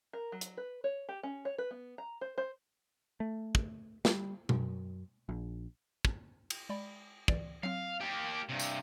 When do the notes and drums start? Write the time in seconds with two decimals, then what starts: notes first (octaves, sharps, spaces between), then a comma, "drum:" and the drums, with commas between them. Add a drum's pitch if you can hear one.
0.13 A#4
0.32 F#3
0.41 drum: hi-hat
0.57 B4
0.84 C#5
1.09 G4
1.23 C#4
1.45 C#5
1.58 B4
1.71 B3
1.98 A#5
2.21 C5
2.38 C5
3.20 A3
3.55 drum: kick
4.05 G3, drum: snare
4.49 F#2, drum: tom B2
5.29 A#1
6.05 drum: kick
6.50 drum: cymbal
6.69 G#3 D5 B5
7.28 C#2 E3 D5, drum: kick
7.63 F#3 C4 F5
8.01 A#3 G4
8.49 G2 C3
8.59 drum: tambourine